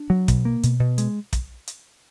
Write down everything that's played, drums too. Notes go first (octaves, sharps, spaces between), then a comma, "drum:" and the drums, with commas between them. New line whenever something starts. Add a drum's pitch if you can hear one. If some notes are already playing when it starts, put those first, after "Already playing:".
Already playing: D4
F#3
B2, drum: kick, hi-hat
A#3
B2, drum: hi-hat
B2
G#3, drum: hi-hat
drum: kick, hi-hat
drum: hi-hat